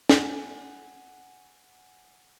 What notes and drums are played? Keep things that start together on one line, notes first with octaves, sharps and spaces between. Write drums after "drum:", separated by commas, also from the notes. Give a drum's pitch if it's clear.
F#5 G#5, drum: snare